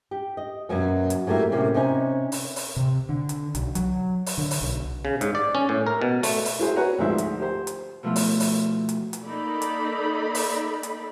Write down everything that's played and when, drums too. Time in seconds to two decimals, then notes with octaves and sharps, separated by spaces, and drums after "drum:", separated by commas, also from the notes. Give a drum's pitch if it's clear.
0.11 G4
0.37 D#5
0.69 F#2 B2 F#3 A#3 C#4
1.10 drum: hi-hat
1.27 F#3 G3 A3 A#3 E4
1.52 A2 C3 A#3 C#4
1.74 C3 C#4 D#4 G#5
2.32 drum: open hi-hat
2.56 drum: open hi-hat
2.76 C3
3.09 D3
3.29 drum: hi-hat
3.55 B1, drum: hi-hat
3.75 F#3, drum: hi-hat
4.26 drum: open hi-hat
4.38 D3
4.51 drum: open hi-hat
4.61 B1
5.05 C#3
5.21 G#2, drum: hi-hat
5.35 D5
5.55 C#4
5.69 A2
5.86 A#4
6.01 B2
6.23 A3, drum: open hi-hat
6.45 drum: open hi-hat
6.59 E4 F#4 G#4 C5
6.76 F#4 B4 C#5 F#5 G#5 A#5
6.98 D2 G#2 F3 C5 E5
7.18 drum: hi-hat
7.39 G4 C5
7.67 drum: hi-hat
8.03 B2 F3 A3 E4 F4
8.16 drum: open hi-hat
8.40 drum: open hi-hat
8.89 drum: hi-hat
9.13 drum: hi-hat
9.25 A#3 D#4 A4 D5 B5
9.62 drum: hi-hat
10.35 drum: open hi-hat
10.83 drum: hi-hat